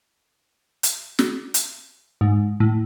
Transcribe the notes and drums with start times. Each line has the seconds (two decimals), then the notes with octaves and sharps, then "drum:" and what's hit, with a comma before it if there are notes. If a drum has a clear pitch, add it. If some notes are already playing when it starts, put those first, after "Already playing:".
0.83 drum: hi-hat
1.19 drum: snare
1.54 drum: hi-hat
2.21 G#2
2.60 A2